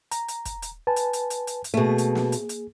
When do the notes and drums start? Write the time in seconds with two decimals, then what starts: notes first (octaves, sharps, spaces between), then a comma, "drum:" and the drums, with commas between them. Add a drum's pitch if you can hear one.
0.11 A#5, drum: hi-hat
0.28 drum: hi-hat
0.45 drum: kick, hi-hat
0.62 drum: hi-hat
0.87 B4 G#5 A5
0.96 drum: hi-hat
1.13 drum: hi-hat
1.30 drum: hi-hat
1.47 drum: hi-hat
1.64 drum: hi-hat
1.74 B2 A3 A#3 G#4
1.98 drum: hi-hat
2.15 drum: snare
2.32 drum: hi-hat
2.49 drum: hi-hat